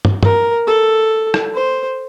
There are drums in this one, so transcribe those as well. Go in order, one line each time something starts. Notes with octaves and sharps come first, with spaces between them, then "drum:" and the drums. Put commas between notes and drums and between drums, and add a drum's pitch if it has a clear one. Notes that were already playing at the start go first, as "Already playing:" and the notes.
drum: tom
A#4, drum: tom
A4
drum: rim click
C5